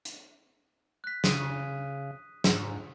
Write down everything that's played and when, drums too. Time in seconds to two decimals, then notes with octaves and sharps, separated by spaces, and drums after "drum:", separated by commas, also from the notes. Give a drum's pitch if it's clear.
0.05 drum: hi-hat
1.04 F#6 B6
1.24 C#3 D#6 D#7, drum: snare
2.44 G#2, drum: snare